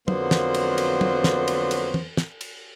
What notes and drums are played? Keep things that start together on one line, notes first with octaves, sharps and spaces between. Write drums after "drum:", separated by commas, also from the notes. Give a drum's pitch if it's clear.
F2 D3 F#3 A#3 B3 C5, drum: tom
drum: snare
drum: cymbal
drum: cymbal
drum: tom
drum: snare
drum: cymbal
drum: cymbal
drum: tom
drum: snare
drum: cymbal